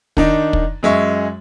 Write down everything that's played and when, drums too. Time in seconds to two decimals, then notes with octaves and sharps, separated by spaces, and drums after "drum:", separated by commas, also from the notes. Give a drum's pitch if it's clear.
0.17 D#3 D4 D#4, drum: kick
0.53 drum: kick
0.83 F#2 G#3 E5 C#6